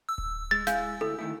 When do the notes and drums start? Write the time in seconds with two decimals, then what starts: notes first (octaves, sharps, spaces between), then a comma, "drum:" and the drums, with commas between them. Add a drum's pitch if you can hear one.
0.09 E6
0.18 drum: kick D1
0.51 G#3 A6
0.67 G#3 E4 G#4 F5 G6, drum: snare
1.01 D2 E4 A4
1.19 D#3 A3 E4